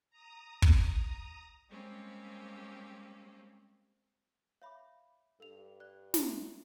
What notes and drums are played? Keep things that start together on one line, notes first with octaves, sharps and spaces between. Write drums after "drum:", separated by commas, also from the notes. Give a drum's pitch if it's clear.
A#5 D#6
drum: kick
G3 G#3 A#3 C4 C#4 G4
C#5 E5 F5 B5 D6
G2 A4 F5 F7
D5 F#6
C#5 D5 E5, drum: snare